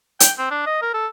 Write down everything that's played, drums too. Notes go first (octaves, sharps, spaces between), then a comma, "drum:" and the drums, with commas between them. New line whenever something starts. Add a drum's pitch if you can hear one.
G5, drum: hi-hat
C4
D4
D#5
A#4
A4